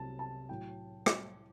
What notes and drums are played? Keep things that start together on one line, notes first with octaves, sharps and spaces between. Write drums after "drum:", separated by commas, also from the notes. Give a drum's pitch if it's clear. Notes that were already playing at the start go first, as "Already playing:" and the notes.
Already playing: C2 C3 F#3 A5
A5
A2 F#3 G5
drum: rim click